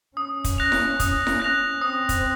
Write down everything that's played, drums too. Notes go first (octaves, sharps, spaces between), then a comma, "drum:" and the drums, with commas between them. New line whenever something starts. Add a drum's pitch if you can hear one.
C#4 D#6
drum: kick, hi-hat
F#6 A#6 F7
drum: snare E4
D#6, drum: kick, hi-hat
drum: snare E4
F#6 A#6 F7
C4 D#6
drum: kick, hi-hat